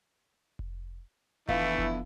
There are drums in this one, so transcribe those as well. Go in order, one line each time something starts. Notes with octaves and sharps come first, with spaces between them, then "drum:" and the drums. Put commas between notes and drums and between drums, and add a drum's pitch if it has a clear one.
drum: kick F1
D3 E3 F3 A3 B3 E4 F5, drum: kick F1
drum: kick F1